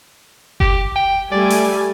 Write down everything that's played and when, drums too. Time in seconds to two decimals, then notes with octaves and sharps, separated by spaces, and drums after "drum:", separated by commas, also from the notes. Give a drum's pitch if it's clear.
0.60 G4, drum: kick F#1
0.95 G5
1.31 G3 A3 D5 G#5
1.50 drum: open hi-hat